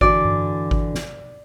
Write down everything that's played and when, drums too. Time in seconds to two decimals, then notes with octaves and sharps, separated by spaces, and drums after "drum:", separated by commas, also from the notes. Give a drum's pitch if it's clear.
0.01 D3 E3 F#4 D5, drum: kick G#1
0.25 drum: tom G2
0.71 drum: kick G#1
0.95 drum: snare